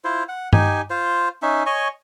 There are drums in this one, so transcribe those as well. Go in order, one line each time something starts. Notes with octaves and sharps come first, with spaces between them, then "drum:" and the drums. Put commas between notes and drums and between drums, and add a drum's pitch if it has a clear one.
E4 F4 C5
F#5
D#4 G4 G#5, drum: tom G2
F4 C5
C#4 D#4 E5
C#5 D#5 G#5 C#6